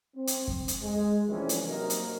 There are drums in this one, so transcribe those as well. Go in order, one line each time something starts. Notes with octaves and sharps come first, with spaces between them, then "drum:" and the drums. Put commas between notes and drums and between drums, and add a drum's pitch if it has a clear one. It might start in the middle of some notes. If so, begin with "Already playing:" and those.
C4
drum: hi-hat
drum: kick F2
drum: hi-hat
G#3
C3 E3 F3 G3 A3 C#4
drum: hi-hat
C3 F#3 A#3 D#4 A#4
drum: hi-hat